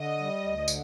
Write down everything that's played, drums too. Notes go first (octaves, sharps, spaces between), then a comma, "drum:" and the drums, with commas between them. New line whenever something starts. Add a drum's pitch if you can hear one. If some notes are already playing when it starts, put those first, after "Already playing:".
Already playing: D3 D#5
G3
D2
D3, drum: tambourine